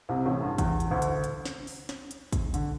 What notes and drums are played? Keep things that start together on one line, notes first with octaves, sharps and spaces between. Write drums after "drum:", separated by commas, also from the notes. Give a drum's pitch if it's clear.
C2 C3
A1 A2
G2
E2, drum: kick, hi-hat
drum: hi-hat
D2 D3
drum: hi-hat
drum: hi-hat
drum: snare
drum: open hi-hat
drum: snare
drum: hi-hat
drum: kick, hi-hat
D3, drum: hi-hat